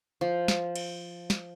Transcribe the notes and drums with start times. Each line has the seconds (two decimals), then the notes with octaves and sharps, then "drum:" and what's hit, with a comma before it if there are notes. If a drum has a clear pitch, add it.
0.21 F3
0.48 drum: snare
0.76 drum: cymbal
1.30 drum: snare